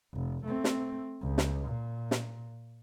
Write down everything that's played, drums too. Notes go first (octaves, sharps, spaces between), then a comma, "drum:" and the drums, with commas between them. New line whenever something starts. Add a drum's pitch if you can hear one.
F1
A3 C4
drum: snare
C#2
drum: snare
A#2
drum: snare